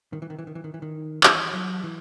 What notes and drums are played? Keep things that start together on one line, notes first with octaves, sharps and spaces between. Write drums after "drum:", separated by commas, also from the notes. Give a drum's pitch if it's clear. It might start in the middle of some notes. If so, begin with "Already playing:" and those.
D#3
E3
D#3
E3
D#3
E3
D#3
E3
D#3
E3, drum: clap
F#3
E3